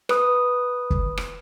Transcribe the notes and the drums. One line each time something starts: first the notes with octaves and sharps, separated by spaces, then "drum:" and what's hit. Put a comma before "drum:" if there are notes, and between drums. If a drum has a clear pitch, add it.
B4 D#6, drum: rim click
drum: kick
drum: rim click